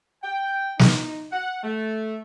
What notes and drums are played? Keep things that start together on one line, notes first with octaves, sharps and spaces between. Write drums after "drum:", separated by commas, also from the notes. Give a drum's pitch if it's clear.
G5
D#4, drum: snare
F#5
A3